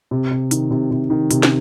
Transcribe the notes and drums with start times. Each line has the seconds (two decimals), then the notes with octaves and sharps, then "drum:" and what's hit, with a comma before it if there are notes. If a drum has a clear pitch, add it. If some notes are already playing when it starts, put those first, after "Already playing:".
0.11 C3
0.31 C3
0.51 D#3, drum: hi-hat
0.71 C3
0.91 C3
1.10 D#3
1.31 C3, drum: hi-hat
1.43 drum: snare